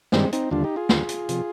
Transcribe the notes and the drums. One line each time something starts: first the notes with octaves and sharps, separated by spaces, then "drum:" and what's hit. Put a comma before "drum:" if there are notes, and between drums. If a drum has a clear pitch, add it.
G2 D#3 G3 G#3 C4, drum: snare
C4 D#4, drum: hi-hat
D#2 D3 G3 D4 F4
D#4 G4
F4 G#4
D#2 D3 G3, drum: snare
drum: hi-hat
C3 F3, drum: hi-hat